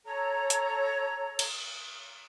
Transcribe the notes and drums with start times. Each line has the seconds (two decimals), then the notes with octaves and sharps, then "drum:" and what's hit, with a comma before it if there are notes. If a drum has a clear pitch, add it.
0.05 A4 C#5 A#5
0.50 drum: hi-hat
1.39 drum: cymbal